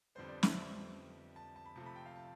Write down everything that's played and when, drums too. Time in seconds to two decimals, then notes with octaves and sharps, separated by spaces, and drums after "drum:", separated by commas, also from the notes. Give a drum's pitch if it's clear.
0.15 F2 D3 G3 B3 C5
0.29 D5
0.43 E5, drum: snare
1.36 A5
1.56 A5
1.66 B5
1.76 C3 F3 A3 A5
1.86 B5
1.96 G5
2.06 F5
2.16 A5